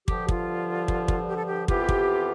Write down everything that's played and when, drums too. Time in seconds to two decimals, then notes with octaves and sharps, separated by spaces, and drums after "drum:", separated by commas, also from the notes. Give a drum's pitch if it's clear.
0.08 G2 D3 F3 G4, drum: kick
0.29 F4, drum: kick
0.88 drum: kick
1.08 drum: kick
1.28 G4
1.37 A4
1.46 G4
1.68 F2 E3 B3 F4 G4, drum: kick
1.89 drum: kick